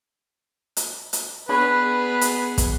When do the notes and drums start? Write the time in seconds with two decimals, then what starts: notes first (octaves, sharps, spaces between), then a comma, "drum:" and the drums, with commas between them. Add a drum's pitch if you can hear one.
0.77 drum: hi-hat
1.13 drum: hi-hat
1.49 B3 D4 G#4 B4 C#5 B5
2.21 drum: hi-hat
2.58 drum: kick, hi-hat